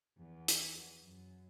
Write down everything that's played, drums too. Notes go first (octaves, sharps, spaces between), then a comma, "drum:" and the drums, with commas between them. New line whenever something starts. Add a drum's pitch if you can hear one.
E2
drum: hi-hat
F#2